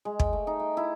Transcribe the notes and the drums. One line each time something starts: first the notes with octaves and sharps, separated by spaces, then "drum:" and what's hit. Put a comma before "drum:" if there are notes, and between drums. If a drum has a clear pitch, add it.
G#3
G5, drum: kick
A3
D#4
G5
E4